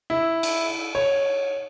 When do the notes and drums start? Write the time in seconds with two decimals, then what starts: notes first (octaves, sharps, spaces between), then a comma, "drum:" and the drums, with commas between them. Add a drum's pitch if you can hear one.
0.10 E4
0.43 drum: cymbal
0.95 C#5